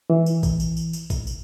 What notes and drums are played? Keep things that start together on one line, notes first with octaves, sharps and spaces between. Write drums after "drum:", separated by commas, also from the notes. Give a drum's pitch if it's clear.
E3
drum: tambourine
drum: kick, tambourine
drum: tambourine
drum: tambourine
drum: tambourine
drum: kick, tambourine
drum: tambourine